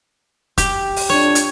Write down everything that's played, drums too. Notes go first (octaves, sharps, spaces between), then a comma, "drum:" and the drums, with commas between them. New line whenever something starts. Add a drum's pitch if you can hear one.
G4, drum: kick, hi-hat
drum: open hi-hat
F2 D4 C#5
drum: hi-hat